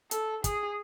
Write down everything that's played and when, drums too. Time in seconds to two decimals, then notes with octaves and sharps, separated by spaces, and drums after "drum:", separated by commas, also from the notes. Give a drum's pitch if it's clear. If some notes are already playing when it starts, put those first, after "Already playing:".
0.11 A4, drum: hi-hat
0.44 G#4, drum: kick, hi-hat